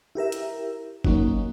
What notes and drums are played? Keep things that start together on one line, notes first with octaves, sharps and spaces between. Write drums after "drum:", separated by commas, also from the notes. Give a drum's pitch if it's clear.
E4 G4 A#4 E5
drum: hi-hat
F#3 A#3 C#4 D#4 F#4, drum: kick G1